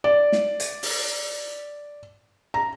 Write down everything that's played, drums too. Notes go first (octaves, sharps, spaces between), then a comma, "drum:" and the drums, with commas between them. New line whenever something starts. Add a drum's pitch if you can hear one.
D5
drum: snare
drum: hi-hat
drum: open hi-hat
A#5